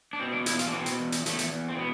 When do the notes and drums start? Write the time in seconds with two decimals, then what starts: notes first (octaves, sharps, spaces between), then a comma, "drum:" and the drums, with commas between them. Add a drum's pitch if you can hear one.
0.13 D4
0.20 B2 C4
0.33 D4
0.46 E2 E4, drum: hi-hat
0.59 F4, drum: hi-hat
0.68 D4
0.73 B2 C4
0.86 drum: hi-hat
0.99 E2
1.12 drum: hi-hat
1.26 E2 A3, drum: hi-hat
1.39 drum: hi-hat
1.52 E2
1.69 C4
1.78 B2 B3